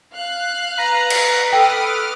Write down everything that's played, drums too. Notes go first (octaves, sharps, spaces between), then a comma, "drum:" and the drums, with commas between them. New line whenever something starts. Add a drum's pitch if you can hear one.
F5 F#6
B4 A#5
drum: cymbal
A4 G5 D6 D#6 F6